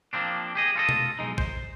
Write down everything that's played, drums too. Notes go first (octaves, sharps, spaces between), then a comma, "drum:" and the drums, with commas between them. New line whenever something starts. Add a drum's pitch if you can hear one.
F3 A#3 C4 D4
G4 G#4 D#5
F4 A4 D#5
drum: tom B2
B1 B2 G#3 D#4
C5, drum: kick A1